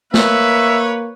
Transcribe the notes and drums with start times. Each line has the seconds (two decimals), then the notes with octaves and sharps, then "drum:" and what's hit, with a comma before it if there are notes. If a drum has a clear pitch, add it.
0.14 A#3 B4 C#5 E5, drum: snare